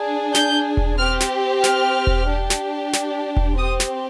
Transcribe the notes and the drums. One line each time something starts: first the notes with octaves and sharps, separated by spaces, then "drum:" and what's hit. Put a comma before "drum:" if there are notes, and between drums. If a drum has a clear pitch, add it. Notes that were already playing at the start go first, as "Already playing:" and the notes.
Already playing: D4 G#4
G6, drum: snare
drum: kick E1
C4 G4 F6
drum: snare
F6, drum: snare
drum: kick E1
D4 G4
drum: snare
drum: snare
drum: kick E1
C4 G4 D#6
drum: snare